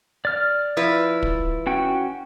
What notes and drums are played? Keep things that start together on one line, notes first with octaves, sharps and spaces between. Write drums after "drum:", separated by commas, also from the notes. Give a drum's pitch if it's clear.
D5 F6
F3 E4 B4
drum: kick
C#4 F#4 G5